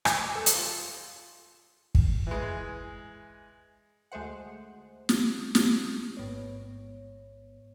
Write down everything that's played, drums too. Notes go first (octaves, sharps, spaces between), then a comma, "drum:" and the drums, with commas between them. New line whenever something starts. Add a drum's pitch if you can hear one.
D6, drum: rim click
A4
drum: hi-hat
F4
drum: kick
E3 G#3
D2 G#3 A3 C5 F#5
drum: snare
drum: snare
A1 G#2 B3 C#5